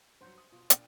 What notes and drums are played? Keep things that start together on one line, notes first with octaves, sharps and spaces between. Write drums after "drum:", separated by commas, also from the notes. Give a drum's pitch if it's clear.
G2 F#3 C5 F#5
D#6
B2 F4
A#2 D4 G5, drum: hi-hat